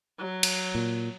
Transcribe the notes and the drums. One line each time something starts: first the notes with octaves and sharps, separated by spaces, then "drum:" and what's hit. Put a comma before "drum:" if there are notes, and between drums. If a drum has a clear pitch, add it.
F#3
drum: cymbal
A#2